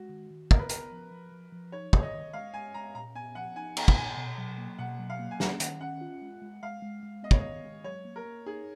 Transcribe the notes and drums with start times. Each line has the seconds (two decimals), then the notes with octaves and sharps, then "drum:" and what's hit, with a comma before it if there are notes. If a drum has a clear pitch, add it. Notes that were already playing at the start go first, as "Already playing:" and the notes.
Already playing: G#3 F#4
0.09 D#3
0.30 D#3
0.51 B3 A#4, drum: kick
0.59 B4
0.69 B3 A#4, drum: hi-hat
0.92 F3
1.11 F3
1.32 F3
1.52 F3
1.72 D#4 C#5
1.93 D#3, drum: kick
1.98 C#5
2.03 D#5
2.14 D#3
2.33 G#3 F5
2.54 G#3 G#5
2.74 G#3 A#5
2.95 A#2 A#5
3.15 B3 G#5
3.35 F3 F#5
3.56 D#4 G#5
3.77 B3 A#5, drum: cymbal
3.88 drum: kick
3.97 A#2 G#5
4.17 B2
4.38 F#3
4.58 A#3
4.79 B2 F#5
4.99 F#3
5.10 F5
5.19 A#3
5.31 G#5
5.40 C#4 F#5, drum: snare
5.60 D#3 F#5, drum: hi-hat
5.81 C#4 F#5
6.01 F4
6.22 G#3
6.42 G#3
6.63 G#3 F5
6.82 G#3
7.03 G#3
7.23 B3 D#5
7.31 C#5, drum: kick
7.39 D#3 D#5
7.64 G#3
7.84 F#3 C#5
8.05 A#3
8.16 A#4
8.25 A#3
8.46 D#4 G#4